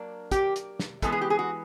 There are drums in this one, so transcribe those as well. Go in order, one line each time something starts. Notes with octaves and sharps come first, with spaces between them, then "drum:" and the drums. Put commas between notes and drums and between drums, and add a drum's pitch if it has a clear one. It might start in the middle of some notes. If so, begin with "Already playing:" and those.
Already playing: F#3 A#3 D4
G4, drum: kick, hi-hat
drum: hi-hat
drum: snare
E3 G#3 B3 A4, drum: kick, hi-hat
G#4
G4
G#4
F#4